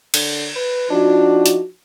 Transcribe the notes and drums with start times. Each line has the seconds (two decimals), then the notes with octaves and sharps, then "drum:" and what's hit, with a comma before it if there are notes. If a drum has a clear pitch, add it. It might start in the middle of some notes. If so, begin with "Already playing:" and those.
0.14 D3, drum: cymbal
0.56 B4
0.90 F3 D4 D#4 F#4
1.46 drum: hi-hat